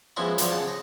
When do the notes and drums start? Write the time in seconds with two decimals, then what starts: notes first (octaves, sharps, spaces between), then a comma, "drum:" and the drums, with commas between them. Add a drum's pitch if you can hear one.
0.17 F3 G#3 B3 C#4 E4 F#4
0.38 D3 F3 F#3, drum: hi-hat
0.51 C#3 F#5 A5
0.68 D#5